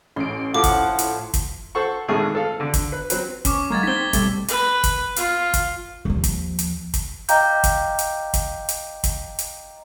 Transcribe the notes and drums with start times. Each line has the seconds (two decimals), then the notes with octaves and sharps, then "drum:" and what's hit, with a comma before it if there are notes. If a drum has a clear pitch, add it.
0.16 A1 C6 D7
0.54 A2 F3 A4 F#5 D6
0.64 drum: kick, hi-hat
0.99 drum: hi-hat
1.34 drum: kick, hi-hat
1.75 A4 C5 F#5 C#6
2.08 A#1 G#2 D#3 A3 G#4 C#6
2.35 A4 F5
2.60 D3
2.74 drum: kick, hi-hat
2.92 B4
3.10 F#3 C4 B4, drum: hi-hat
3.45 C#4 C#6 D6, drum: kick, hi-hat
3.70 F#3 G#3 A#3 D6 G#6 A6
3.83 C4 D#4 B6 G7
4.13 B2 G3 A3 A6, drum: kick, hi-hat
4.48 B4, drum: hi-hat
4.84 drum: kick, hi-hat
5.16 F4, drum: hi-hat
5.54 drum: kick, hi-hat
6.05 D#2 F3
6.24 drum: kick, hi-hat
6.59 drum: hi-hat
6.94 drum: kick, hi-hat
7.29 D#5 F5 G5 A#5 D6 G6, drum: hi-hat
7.64 drum: kick, hi-hat
7.99 drum: hi-hat
8.34 drum: kick, hi-hat
8.69 drum: hi-hat
9.04 drum: kick, hi-hat
9.39 drum: hi-hat